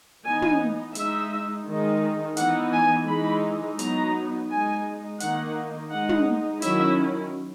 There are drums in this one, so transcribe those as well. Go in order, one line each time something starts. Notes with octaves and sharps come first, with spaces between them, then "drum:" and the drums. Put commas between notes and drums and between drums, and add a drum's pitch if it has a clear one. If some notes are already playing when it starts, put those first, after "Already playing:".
E3 B3 D#4 G#5
drum: tom
G#3 D#4 E5, drum: hi-hat
D#3 G#3 D#4
E3 B3 D#4 F#5, drum: hi-hat
G#5
E3 G#3 D#4 B5
F#3 B3 D#4 A#5, drum: hi-hat
G#3 D#4 G#5
D#3 A#3 D#4 F#5, drum: hi-hat
G#3 D#4 F#5
drum: tom
D#3 F#3 C#4 E4 E5, drum: hi-hat